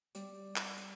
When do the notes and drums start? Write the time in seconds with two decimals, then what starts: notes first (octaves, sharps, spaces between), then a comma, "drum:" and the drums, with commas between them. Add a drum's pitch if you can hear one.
0.15 G3, drum: hi-hat
0.56 drum: clap
0.77 drum: hi-hat